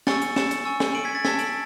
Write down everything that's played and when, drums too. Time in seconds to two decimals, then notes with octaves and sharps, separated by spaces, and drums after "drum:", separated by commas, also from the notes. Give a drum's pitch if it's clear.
0.07 G#5 C#6 E6 A6 C#7, drum: snare
0.22 drum: hi-hat
0.36 C#7 E7, drum: snare
0.51 drum: hi-hat
0.65 G#5 C#6 E6
0.80 drum: snare
0.95 D7 F#7
1.05 G#6 B6
1.15 A6
1.25 A5 E6 G#6 B6, drum: snare
1.39 D7 F#7, drum: hi-hat